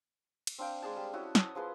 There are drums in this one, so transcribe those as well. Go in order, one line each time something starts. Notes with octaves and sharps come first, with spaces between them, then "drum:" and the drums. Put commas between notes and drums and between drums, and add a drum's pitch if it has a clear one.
drum: cymbal
C4 D4 F5 G5
G#3 D4 G#4 A5
G3
C#4 E4 F#4 D#5
A4 D#6, drum: snare
F3 G#4 B4 C6